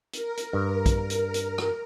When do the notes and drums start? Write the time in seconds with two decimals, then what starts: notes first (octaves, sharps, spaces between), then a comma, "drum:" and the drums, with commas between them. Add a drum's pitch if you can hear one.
0.13 A#4, drum: hi-hat
0.37 drum: hi-hat
0.53 G2
0.86 drum: kick B1, hi-hat
1.10 drum: hi-hat
1.34 drum: hi-hat
1.58 drum: rim click